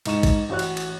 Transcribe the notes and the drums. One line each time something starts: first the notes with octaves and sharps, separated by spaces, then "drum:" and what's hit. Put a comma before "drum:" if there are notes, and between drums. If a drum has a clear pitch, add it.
G#2 D#4 C#6 E7, drum: cymbal
drum: kick, cymbal
A1 F#4 C#5 F#6
drum: cymbal
drum: cymbal